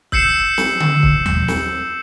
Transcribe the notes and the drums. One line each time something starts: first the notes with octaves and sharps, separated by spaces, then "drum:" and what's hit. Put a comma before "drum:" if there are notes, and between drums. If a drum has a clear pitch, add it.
E6 G6 C7 C#7 E7, drum: kick
drum: snare
drum: tom D3
drum: kick
drum: tom D#2
drum: snare